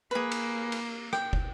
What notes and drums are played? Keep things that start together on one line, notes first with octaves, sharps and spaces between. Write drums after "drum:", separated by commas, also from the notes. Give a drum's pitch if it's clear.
A#3 G#4 B4
drum: cymbal
drum: cymbal
G5, drum: rim click
drum: kick